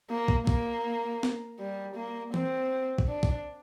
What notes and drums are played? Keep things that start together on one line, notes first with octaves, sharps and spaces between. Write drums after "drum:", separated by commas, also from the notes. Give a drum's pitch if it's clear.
A#3
drum: kick
A#3, drum: kick
drum: snare
G3
A#3
C4, drum: tom E3
drum: kick
D4
drum: kick